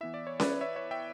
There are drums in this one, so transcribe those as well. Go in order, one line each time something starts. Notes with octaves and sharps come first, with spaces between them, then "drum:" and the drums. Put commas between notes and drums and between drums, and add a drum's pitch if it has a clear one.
E3 B3 E4 E5
D5
C#5
B4 D5, drum: snare C#4
C#5 E5
C#5 E5
E5 G5